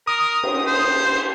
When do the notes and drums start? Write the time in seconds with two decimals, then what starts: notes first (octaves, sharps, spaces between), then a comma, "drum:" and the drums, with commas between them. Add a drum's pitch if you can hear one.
0.07 A#4 D#6
0.43 drum: cymbal
0.67 C5